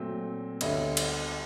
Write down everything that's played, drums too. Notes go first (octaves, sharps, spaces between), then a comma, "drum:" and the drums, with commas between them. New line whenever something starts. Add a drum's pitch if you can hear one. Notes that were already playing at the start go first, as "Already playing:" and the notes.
Already playing: A#2 F#3 A3 C4
D2 D3 G3 B3 C#5 D#5, drum: cymbal
drum: cymbal